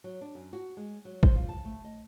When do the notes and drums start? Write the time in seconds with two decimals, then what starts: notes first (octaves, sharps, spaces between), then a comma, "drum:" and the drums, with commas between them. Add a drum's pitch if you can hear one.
0.04 F#3
0.21 D4
0.35 F#2
0.53 F#4
0.77 G#3
1.05 F#3
1.23 C5, drum: kick
1.36 F4
1.49 A5
1.65 A3
1.85 D#5